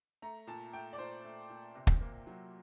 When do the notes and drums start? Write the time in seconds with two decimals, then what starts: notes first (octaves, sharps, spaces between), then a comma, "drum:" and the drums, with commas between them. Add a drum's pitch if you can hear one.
0.22 A3 A#5
0.47 A#2 A5
0.73 A3 G5
0.93 D5
0.98 A#2 C5
1.25 A3
1.50 A#2
1.75 C3
1.87 drum: kick
2.01 A#3
2.27 F#3